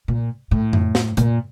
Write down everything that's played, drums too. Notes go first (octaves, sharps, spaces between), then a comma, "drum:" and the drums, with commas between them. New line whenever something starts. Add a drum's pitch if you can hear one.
A#2
A2
drum: tom F2
drum: snare
A#2, drum: hi-hat